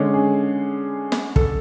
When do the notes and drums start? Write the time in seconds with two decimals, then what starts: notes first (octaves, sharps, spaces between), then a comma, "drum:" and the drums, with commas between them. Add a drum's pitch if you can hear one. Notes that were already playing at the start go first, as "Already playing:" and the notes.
Already playing: D3 G#3 C#4
0.14 G#4
1.12 drum: snare
1.36 A4, drum: kick